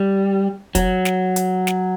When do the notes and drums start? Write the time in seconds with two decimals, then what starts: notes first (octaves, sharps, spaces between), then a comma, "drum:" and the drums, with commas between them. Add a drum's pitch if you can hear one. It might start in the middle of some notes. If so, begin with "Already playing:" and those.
Already playing: G3
0.75 F#3, drum: kick, hi-hat
1.05 drum: snare
1.36 drum: hi-hat
1.67 drum: snare